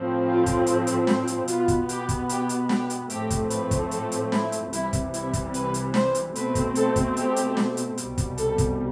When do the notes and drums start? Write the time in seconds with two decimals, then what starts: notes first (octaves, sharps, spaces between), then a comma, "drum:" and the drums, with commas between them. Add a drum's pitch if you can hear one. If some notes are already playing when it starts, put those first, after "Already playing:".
Already playing: A2 F3 C4
0.26 F4
0.46 drum: kick, hi-hat
0.67 drum: hi-hat
0.87 drum: hi-hat
1.07 drum: snare
1.27 drum: hi-hat
1.48 B2 B3 F4, drum: hi-hat
1.68 drum: kick, hi-hat
1.89 G4, drum: hi-hat
2.09 drum: kick, hi-hat
2.29 G4, drum: hi-hat
2.49 drum: hi-hat
2.69 G4, drum: snare
2.90 drum: hi-hat
3.10 A2 F3 A3 C4 G4, drum: hi-hat
3.30 drum: kick, hi-hat
3.50 B4, drum: hi-hat
3.71 drum: kick, hi-hat
3.91 A4, drum: hi-hat
4.12 drum: hi-hat
4.32 E4, drum: snare
4.52 drum: hi-hat
4.73 C2 C3 E3 G3 E4, drum: hi-hat
4.93 drum: kick, hi-hat
5.14 E4, drum: hi-hat
5.33 drum: kick, hi-hat
5.54 B4, drum: hi-hat
5.74 drum: hi-hat
5.94 C5, drum: snare
6.15 drum: hi-hat
6.35 B2 A3 C4 B4, drum: hi-hat
6.55 drum: kick, hi-hat
6.75 A4, drum: hi-hat
6.96 drum: kick, hi-hat
7.17 G4, drum: hi-hat
7.36 drum: hi-hat
7.57 drum: snare
7.77 drum: hi-hat
7.98 C2 B2 G3, drum: hi-hat
8.18 drum: kick, hi-hat
8.38 A4, drum: hi-hat
8.58 drum: kick, hi-hat